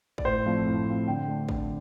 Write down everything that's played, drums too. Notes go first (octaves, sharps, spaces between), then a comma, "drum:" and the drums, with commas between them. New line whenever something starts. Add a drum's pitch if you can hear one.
D5, drum: kick G#1
A2 C5
F3 A3 C4 F4
A2
F3 A3 C4 F4
D3 G5
A3 D4
D3, drum: kick G#1